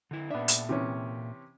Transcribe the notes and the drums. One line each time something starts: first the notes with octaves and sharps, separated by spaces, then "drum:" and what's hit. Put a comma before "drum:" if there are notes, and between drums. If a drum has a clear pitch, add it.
D3 E4
A#2 B3 D4 E5
drum: hi-hat
C3 E3 C#4